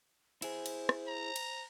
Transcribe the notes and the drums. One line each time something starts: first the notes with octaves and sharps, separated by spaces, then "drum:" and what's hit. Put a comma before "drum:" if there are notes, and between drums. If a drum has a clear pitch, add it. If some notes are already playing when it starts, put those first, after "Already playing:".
E4 G#4 C5, drum: cymbal
drum: cymbal
drum: rim click
A#5
drum: cymbal